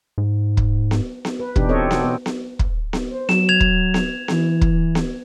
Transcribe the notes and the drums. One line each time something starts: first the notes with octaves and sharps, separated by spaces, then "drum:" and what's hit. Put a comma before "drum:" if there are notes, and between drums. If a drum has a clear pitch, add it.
G#2
drum: kick
drum: snare B3
drum: snare B3
B4
B2 E3 D4 D#4 G4, drum: kick
C4 A4 C#5 D#5
F#4, drum: snare B3
B3
drum: snare B3
drum: kick
drum: snare B3
C5
F#3 E7, drum: snare B3
G#6 F7
drum: kick
drum: snare B3
E3, drum: snare B3
drum: kick
drum: snare B3